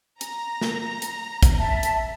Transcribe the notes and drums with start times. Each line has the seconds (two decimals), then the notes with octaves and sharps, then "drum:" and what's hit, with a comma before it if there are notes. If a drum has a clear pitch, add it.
0.21 A#5, drum: hi-hat
0.61 drum: snare
1.02 drum: hi-hat
1.43 drum: kick, hi-hat
1.59 E5 A5
1.83 drum: hi-hat